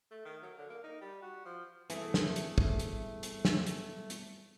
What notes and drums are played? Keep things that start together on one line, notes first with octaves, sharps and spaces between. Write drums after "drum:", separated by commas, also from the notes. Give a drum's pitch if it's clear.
A3
D#3
F#3
D3
A#3
D#4
G3
F#4
F3
G2 B2 E3 A3 C4 G#4 A4, drum: hi-hat
drum: snare
drum: hi-hat
drum: kick
drum: hi-hat
drum: hi-hat
drum: snare
drum: hi-hat
drum: hi-hat